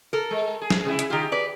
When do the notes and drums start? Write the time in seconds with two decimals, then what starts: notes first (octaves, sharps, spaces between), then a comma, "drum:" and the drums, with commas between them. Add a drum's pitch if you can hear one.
0.13 A4 A#4
0.31 G#3
0.61 G#4
0.70 drum: snare
0.85 C3 E4
0.99 drum: hi-hat
1.10 D#3 F4 G4
1.32 B4 D5